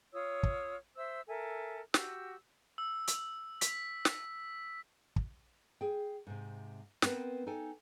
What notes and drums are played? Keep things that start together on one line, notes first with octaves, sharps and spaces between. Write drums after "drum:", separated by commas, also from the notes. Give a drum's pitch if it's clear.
F4 C#5 D#6 E6
drum: kick
C5 E5 E6
A4 A#4 E5 G#5
F#4 G4 E6, drum: snare
E6
drum: hi-hat
B6, drum: hi-hat
drum: snare
drum: kick
G#4 G5
G#2 C3
B3 C4 A#4 B4, drum: snare
D#4 A4 G5 G#5